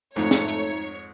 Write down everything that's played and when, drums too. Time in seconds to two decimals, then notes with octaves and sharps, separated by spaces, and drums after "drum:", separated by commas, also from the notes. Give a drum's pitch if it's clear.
0.16 F2 G#2 A3 D#4 C#5
0.31 drum: snare
0.48 drum: hi-hat